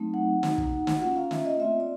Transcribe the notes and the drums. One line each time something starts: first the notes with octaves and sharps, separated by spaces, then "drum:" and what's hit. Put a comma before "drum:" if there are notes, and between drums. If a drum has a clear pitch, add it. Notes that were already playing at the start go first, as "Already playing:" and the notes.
Already playing: F#3 A3 C4 D#4
F#5
A#3 D#4 F#4, drum: snare
drum: kick
drum: snare
A#3 C#4 F4 F#5
F5
E5, drum: snare
D#5
A3 C4 F4 E5
D5